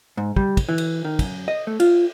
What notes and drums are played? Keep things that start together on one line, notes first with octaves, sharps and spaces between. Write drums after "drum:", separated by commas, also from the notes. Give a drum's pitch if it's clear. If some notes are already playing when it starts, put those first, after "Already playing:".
G#2
G3, drum: kick
drum: kick, cymbal
E3
drum: cymbal
D#3
F#2, drum: kick, cymbal
D#5
A3
F4, drum: cymbal